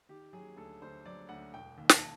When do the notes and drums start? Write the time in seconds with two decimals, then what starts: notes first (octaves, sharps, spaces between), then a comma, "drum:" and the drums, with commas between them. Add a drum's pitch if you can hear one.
0.09 D#3 G4
0.33 F#3 G#4
0.57 D2 A4
0.82 D2 C5
1.05 F#3 D5
1.29 D2 F#5
1.54 E1 G5
1.78 D#2
1.89 A5, drum: snare